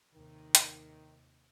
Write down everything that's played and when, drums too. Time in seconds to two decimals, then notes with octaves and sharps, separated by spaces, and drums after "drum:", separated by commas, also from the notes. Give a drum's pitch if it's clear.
0.13 D#2 C3 D#3
0.55 drum: hi-hat